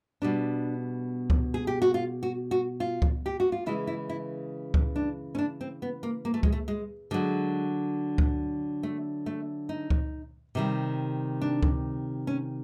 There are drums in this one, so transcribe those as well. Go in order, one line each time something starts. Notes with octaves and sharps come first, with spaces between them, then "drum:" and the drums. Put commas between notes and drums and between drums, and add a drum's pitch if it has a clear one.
B2 G3 D4
drum: kick C#2
G#4
G4
F#4
F4
F#4
F#4
F4
drum: kick C#2
G4
F#4
F4
C#3 E3 G#3 E4
E4
E4
drum: kick C#2
D4
C#4
D4
C4
B3
A#3
A#3
A3
G#3, drum: kick C#2
A3
G#3
D3 F#3 G#3
drum: kick C#2
A3
A3
D#4
drum: kick C#2
C3 D#3 G3
D4
drum: kick C#2
C#4